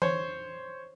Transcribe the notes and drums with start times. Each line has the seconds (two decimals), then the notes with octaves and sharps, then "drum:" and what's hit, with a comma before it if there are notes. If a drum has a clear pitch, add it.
0.02 C5 C#5, drum: tom E3